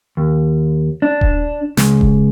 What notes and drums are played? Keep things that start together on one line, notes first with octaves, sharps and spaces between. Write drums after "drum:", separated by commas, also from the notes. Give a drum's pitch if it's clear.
D#2
D4
drum: kick D#1
C#2, drum: snare
drum: kick D#1